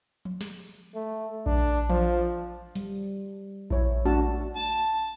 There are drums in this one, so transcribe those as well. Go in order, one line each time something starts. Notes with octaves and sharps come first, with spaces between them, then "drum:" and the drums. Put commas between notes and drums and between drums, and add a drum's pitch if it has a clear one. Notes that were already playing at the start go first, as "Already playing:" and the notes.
drum: tom F3
drum: snare
A3
D4, drum: kick A#1
F3, drum: tom E3
G3, drum: hi-hat
E4 C#5, drum: kick A#1
A3 D4 F#4 A5
A5